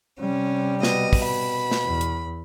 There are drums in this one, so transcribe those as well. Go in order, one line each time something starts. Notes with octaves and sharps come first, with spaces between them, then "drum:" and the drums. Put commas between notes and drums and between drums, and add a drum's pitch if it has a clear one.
C3 G3 C#4
B2 D#5, drum: snare
drum: kick, open hi-hat
B5
drum: snare
E2
drum: hi-hat